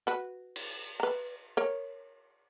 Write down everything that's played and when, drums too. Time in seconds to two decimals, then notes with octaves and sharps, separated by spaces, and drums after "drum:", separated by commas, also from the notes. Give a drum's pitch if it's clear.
0.07 F#4 B4
0.56 drum: cymbal
1.00 B4 A#5
1.57 A#4 C#5